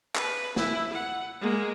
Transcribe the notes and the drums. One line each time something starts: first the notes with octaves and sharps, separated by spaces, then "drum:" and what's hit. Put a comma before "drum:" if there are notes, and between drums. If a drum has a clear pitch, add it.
B4, drum: clap
E4, drum: snare
F#5
G#3 A#3